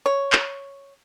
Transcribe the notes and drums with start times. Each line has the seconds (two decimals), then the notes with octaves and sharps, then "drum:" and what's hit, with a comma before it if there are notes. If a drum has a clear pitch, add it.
0.06 C#5
0.32 drum: clap